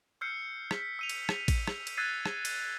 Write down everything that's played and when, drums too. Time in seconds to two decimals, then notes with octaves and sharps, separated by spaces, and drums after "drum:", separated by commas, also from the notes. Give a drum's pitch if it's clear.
0.21 E6 F6 G6 C7 C#7
0.71 B6, drum: rim click
0.99 E6 D#7 F7
1.09 drum: cymbal
1.29 drum: rim click
1.48 drum: kick A1, cymbal
1.67 drum: rim click
1.87 drum: cymbal
1.97 E6 F#6 G#6 A6 C7 D#7
2.26 drum: rim click
2.45 drum: cymbal